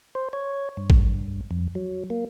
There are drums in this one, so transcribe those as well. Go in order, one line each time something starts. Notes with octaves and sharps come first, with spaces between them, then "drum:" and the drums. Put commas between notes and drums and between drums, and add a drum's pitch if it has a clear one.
C5
C#5
G2
drum: kick
F2
F#3
A#3